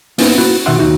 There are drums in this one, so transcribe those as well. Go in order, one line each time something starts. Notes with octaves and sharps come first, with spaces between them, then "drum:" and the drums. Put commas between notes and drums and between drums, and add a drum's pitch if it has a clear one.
A#3 B3 C#4 D#4 E4 B4, drum: open hi-hat
A#3 E4 F#4 B5
B2 D#3 F#4 E5 F#5 C6
D#2 D#4 F#4